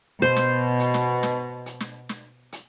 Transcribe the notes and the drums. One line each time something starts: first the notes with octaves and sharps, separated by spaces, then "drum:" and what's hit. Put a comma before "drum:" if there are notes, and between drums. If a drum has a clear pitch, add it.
B2 C5
drum: snare
drum: hi-hat
drum: snare
drum: snare
drum: hi-hat
drum: snare
drum: snare
drum: hi-hat